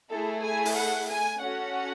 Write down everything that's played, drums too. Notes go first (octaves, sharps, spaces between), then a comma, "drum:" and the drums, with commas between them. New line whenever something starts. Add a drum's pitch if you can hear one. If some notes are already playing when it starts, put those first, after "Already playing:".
A3 E4 G#4 A4
G#5
drum: open hi-hat
F#5
G#5
C#4 F#4 A4 F#5